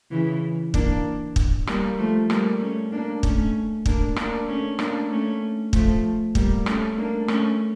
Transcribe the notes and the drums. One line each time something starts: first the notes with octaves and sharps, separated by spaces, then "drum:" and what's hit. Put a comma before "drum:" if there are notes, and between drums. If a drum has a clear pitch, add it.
C#3 E3
A#3 D4, drum: kick
drum: kick
G3 A#3, drum: rim click
F3 A3
G3 A#3, drum: rim click
A3 C#4
A#3 D4
A3 C#4, drum: kick
A#3 D4, drum: kick
A#3 D4, drum: rim click
A3 C#4
A#3 D4, drum: rim click
A3 C#4
F3 A3, drum: kick
G3 A#3, drum: kick
A3 C#4, drum: rim click
A#3 D4
A3 C#4, drum: rim click